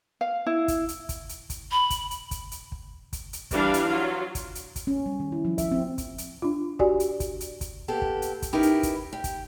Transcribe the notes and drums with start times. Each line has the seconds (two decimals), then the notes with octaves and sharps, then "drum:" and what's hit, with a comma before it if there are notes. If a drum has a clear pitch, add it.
0.21 F5
0.47 E4
0.68 drum: kick, hi-hat
0.88 drum: hi-hat
1.09 drum: kick, hi-hat
1.29 drum: hi-hat
1.50 drum: kick, hi-hat
1.72 B5
1.90 drum: kick, hi-hat
2.11 drum: hi-hat
2.31 drum: kick, hi-hat
2.51 drum: hi-hat
2.72 drum: kick
3.13 drum: kick, hi-hat
3.33 drum: hi-hat
3.51 E3 G3 D4 F5, drum: kick, hi-hat
3.74 drum: hi-hat
3.88 F#3 F4
4.35 drum: kick, hi-hat
4.55 drum: hi-hat
4.76 drum: kick, hi-hat
4.87 C#4
5.06 G3
5.20 D#3
5.32 E4
5.45 F3
5.58 E5, drum: kick, hi-hat
5.72 C4
5.98 drum: kick, hi-hat
6.18 drum: hi-hat
6.42 D4 F4
6.79 F#4 G4 D5 G#5, drum: kick
7.00 drum: hi-hat
7.20 drum: kick, hi-hat
7.40 drum: hi-hat
7.61 drum: kick, hi-hat
7.88 A#3 B3 G4 A4
8.02 drum: kick
8.22 drum: hi-hat
8.42 drum: kick, hi-hat
8.53 C#4 D#4 E4 G4 A#4 B4
8.63 drum: hi-hat
8.83 drum: kick, hi-hat
9.13 G4
9.24 drum: kick, hi-hat